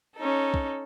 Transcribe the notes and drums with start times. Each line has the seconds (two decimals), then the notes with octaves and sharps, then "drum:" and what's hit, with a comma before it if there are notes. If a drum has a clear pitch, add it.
0.16 C#4 D#4 A4
0.54 drum: kick